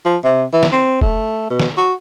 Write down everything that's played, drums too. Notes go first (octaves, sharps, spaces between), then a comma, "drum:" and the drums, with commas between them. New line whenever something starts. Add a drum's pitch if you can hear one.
F3
C3
E3
drum: snare
C4
A3, drum: kick
B2
drum: snare
F#4